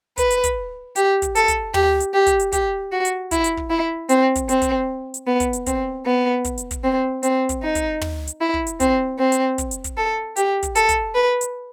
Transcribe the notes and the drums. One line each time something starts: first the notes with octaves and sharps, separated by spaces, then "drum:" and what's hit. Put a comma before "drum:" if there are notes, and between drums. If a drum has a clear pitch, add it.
B4, drum: kick, hi-hat
drum: hi-hat
drum: kick, hi-hat
G4, drum: hi-hat
drum: kick, hi-hat
A4, drum: hi-hat
drum: kick, hi-hat
G4, drum: tom
drum: hi-hat
G4
drum: kick, hi-hat
drum: hi-hat
G4, drum: kick, hi-hat
F#4
drum: hi-hat
E4, drum: kick, hi-hat
drum: hi-hat
drum: kick
E4
C4, drum: hi-hat
drum: kick, hi-hat
C4, drum: hi-hat
drum: kick, hi-hat
drum: hi-hat
B3
drum: kick, hi-hat
drum: hi-hat
C4, drum: kick, hi-hat
B3
drum: kick, hi-hat
drum: hi-hat
drum: kick, hi-hat
C4
C4, drum: hi-hat
drum: kick, hi-hat
D#4
drum: kick, hi-hat
drum: tom
drum: hi-hat
E4
drum: kick
drum: hi-hat
C4, drum: kick, hi-hat
C4
drum: hi-hat
drum: kick, hi-hat
drum: hi-hat
drum: kick, hi-hat
A4
G4, drum: hi-hat
drum: kick, hi-hat
A4, drum: hi-hat
drum: kick, hi-hat
B4
drum: hi-hat